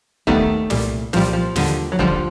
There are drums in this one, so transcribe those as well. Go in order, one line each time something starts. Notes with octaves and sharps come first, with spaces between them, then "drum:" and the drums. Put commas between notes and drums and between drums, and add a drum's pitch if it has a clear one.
D#2 D#3 G3 A3 B3 D#4, drum: kick
C2 A#2 G3, drum: snare
C2 A#2 F3 G3, drum: snare
F3
D#2 D3 G3, drum: snare
F#3
D#2 D3 F3 G3, drum: kick